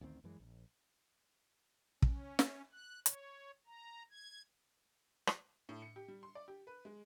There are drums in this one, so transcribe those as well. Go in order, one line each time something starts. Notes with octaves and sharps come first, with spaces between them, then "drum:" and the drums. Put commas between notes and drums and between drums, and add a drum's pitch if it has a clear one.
A1 D2 D#3 C4
F#2 E3 G#3
A#1
C#4, drum: kick
drum: snare
F#6
C#5, drum: hi-hat
A#5
G#6
drum: rim click
A2
C#7
G4
G3
C6
D5
G4
B4
G#3